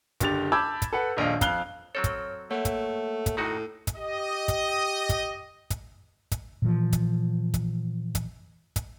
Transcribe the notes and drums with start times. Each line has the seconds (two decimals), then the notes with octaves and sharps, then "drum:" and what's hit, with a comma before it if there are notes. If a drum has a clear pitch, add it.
0.20 F#1 D3 G4 A6 F7, drum: kick, hi-hat
0.52 A5 B5 D6 E6 G6 G#6
0.82 drum: kick, hi-hat
0.93 A4 B4 F#5
1.17 D#1 A#1 D#5 F5
1.41 F2 F5 F#6 G7, drum: kick, hi-hat
1.95 F#3 C4 A4 C#5 F6
2.04 drum: kick, hi-hat
2.51 A3 A#3 C#5 F#5
2.65 drum: kick, hi-hat
3.26 drum: kick, hi-hat
3.37 A2 D#3 D#4 F#4
3.87 drum: kick, hi-hat
3.97 G4 D#5
4.48 drum: kick, hi-hat
5.09 drum: kick, hi-hat
5.70 drum: kick, hi-hat
6.31 drum: kick, hi-hat
6.62 A#2 E3 F3
6.93 drum: kick, hi-hat
7.54 drum: kick, hi-hat
8.15 drum: kick, hi-hat
8.76 drum: kick, hi-hat